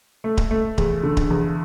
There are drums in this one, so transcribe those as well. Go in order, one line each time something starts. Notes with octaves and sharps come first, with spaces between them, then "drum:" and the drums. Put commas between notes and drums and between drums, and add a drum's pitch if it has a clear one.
A3
drum: kick D1
A3
E2, drum: kick D1
D3
drum: kick D1
E2